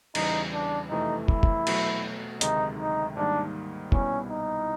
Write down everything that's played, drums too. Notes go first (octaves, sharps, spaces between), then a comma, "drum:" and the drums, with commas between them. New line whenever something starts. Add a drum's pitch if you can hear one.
E2 C#3 E3 G3 D#4, drum: cymbal
D4
F2 C3 E3 A3 D#4
E4, drum: kick
drum: kick
B2 F#3 A3, drum: cymbal
D2 C3 D#3 G#3 D#4, drum: hi-hat
D#4
G#2 D#3 G3 A#3 D4 D#4
C2 B2 G3 B3 C#4 E4, drum: kick
D#4